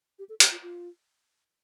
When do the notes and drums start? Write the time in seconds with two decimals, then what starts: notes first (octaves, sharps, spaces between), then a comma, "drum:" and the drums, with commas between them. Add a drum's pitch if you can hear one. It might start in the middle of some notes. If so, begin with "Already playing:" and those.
0.19 G4
0.29 A4
0.40 G4, drum: hi-hat
0.51 F4
0.62 F4